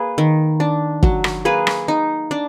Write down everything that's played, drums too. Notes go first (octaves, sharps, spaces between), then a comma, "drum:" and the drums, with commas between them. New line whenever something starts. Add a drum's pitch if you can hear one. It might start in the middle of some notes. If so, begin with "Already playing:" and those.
Already playing: A#3 G#4 B4
D#3
D4
F#3, drum: kick
drum: rim click
A#3 G#4 B4
drum: rim click
D#4
D4